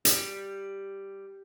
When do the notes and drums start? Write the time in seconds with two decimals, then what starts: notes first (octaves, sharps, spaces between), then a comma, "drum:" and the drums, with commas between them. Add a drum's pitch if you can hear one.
0.05 G3, drum: hi-hat